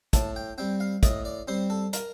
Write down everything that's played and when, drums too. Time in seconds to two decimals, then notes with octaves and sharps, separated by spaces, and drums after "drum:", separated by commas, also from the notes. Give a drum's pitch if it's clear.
0.13 A2 A5, drum: kick, hi-hat
0.36 G5
0.58 G3 C4 G5
0.80 F5
1.03 A2 D#5, drum: kick, hi-hat
1.25 D5
1.48 G3 C4 C5
1.70 A4
1.93 A#4, drum: hi-hat